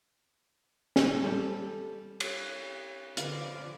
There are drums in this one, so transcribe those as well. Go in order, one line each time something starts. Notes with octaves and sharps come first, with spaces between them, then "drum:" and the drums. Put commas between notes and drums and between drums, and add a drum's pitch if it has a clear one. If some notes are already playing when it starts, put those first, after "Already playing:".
drum: snare
G3 A4
drum: cymbal
D3 F3 B4 D5 F5, drum: hi-hat